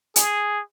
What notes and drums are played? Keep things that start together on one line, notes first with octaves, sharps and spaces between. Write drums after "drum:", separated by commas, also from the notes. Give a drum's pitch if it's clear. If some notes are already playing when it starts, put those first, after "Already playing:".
G#4, drum: hi-hat